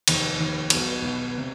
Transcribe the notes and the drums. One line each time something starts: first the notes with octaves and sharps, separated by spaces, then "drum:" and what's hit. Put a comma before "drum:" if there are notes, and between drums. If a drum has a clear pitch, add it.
F1 D#2 D#3, drum: cymbal
F1 D#2 D#3
B1 B2 B3, drum: cymbal
B1 B2 B3
C3